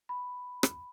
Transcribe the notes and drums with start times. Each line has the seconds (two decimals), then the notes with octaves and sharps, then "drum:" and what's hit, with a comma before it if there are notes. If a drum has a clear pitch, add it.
0.09 B5
0.63 drum: rim click